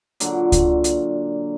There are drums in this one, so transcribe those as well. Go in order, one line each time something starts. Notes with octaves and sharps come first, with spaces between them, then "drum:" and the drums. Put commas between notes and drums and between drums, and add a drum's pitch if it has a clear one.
A#2 D3 F#3, drum: hi-hat
drum: kick C#2, hi-hat
drum: hi-hat